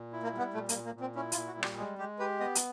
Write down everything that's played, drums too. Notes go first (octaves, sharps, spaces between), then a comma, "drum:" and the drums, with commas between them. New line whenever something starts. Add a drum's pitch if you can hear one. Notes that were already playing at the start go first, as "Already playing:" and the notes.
Already playing: A#2
E4
A#3
G3 B3
A#2 A3
A#3, drum: hi-hat
A#2
A#3
A#2 C4
C#4 E4
F4, drum: hi-hat
A#2
F#4
G3
G4, drum: rim click
G#3 G#4
G#3 G4
G4 B4
B3 D#5
drum: hi-hat